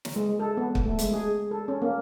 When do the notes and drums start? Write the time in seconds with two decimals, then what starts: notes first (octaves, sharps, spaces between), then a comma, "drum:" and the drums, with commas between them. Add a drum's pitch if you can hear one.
0.05 drum: snare
0.16 G#3
0.39 A4
0.57 B3
0.75 drum: kick
0.86 A3
0.99 G#3, drum: hi-hat
1.13 G#4
1.51 A4
1.68 C#4
1.82 A#3